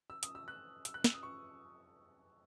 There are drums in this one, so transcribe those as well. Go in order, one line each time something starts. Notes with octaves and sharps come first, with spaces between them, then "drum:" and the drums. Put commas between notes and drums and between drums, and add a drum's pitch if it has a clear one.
E6
D#6, drum: hi-hat
E6
F#6
E6, drum: hi-hat
F#6
E6, drum: snare
D#6
C#6